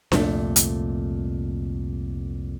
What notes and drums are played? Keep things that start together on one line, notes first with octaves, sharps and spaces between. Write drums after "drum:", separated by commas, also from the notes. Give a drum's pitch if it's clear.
C2 F2 A#2 A3, drum: snare D4
drum: hi-hat